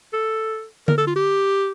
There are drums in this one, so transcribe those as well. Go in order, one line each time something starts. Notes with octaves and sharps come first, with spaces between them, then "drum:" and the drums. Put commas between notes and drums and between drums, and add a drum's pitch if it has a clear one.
A4
A#4, drum: tom D3
A4
F4
G4